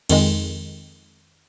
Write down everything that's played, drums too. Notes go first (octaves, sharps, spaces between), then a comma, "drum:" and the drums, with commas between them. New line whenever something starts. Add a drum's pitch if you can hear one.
F2 D#3 G#3, drum: cymbal